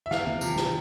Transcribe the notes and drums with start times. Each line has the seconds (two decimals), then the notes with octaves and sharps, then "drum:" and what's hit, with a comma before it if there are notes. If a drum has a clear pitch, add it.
0.06 E5
0.11 E2 F5, drum: snare
0.26 drum: tom
0.41 C3 F3, drum: tambourine
0.56 drum: snare